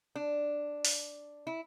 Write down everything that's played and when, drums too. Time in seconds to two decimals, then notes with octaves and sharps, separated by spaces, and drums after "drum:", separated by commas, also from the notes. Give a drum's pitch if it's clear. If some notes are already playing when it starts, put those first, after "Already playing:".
0.16 D4
0.85 drum: open hi-hat
1.47 E4